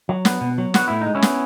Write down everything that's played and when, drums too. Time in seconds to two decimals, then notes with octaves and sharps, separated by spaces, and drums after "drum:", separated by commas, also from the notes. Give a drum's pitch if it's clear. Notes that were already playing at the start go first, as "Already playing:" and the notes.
0.09 F#3
0.25 B3, drum: snare
0.41 B2
0.58 F#3
0.74 B3 F#4, drum: snare
0.88 A2 E4
1.01 D#4
1.07 G#3
1.15 C#4 E4
1.22 B3, drum: snare